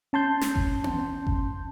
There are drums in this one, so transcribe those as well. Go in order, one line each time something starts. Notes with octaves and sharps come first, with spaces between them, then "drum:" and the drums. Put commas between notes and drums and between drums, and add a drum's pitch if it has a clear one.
C#4 A5 C6 G6
drum: snare
drum: kick G1
drum: tom B3
drum: kick G1